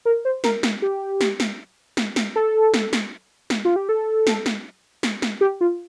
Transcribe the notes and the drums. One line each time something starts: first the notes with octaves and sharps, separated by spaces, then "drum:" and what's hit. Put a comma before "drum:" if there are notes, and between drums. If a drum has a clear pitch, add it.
A#4
C5
A#4, drum: snare
drum: snare
G4
drum: snare
drum: snare
drum: snare
drum: snare
A4
drum: snare
drum: snare
drum: snare
F4
G4
A4
drum: snare
drum: snare
drum: snare
drum: snare
G4
F4